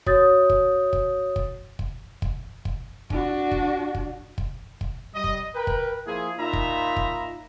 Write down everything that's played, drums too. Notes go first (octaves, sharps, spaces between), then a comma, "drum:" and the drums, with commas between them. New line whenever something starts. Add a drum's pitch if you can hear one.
F#4 C#5 D#6 G6 A6, drum: kick
drum: kick
drum: kick
drum: kick
drum: kick
drum: kick
drum: kick
D4 F#4, drum: kick
drum: kick
drum: kick
drum: kick
drum: kick
G3 D#5
drum: kick
A#4 B4 G5
drum: kick
F3 A#3 E4 G#4
A#2 D#4 F4 E5 A#5 B5
drum: kick
drum: kick